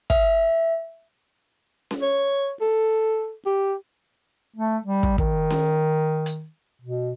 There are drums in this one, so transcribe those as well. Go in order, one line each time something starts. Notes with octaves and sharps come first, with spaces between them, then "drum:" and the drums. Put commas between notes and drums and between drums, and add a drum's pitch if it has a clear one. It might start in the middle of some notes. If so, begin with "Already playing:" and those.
E5, drum: kick
drum: snare C#4
C#5
A4
G4
A3
G3
drum: kick
D#3, drum: kick
drum: snare C#4
drum: hi-hat
B2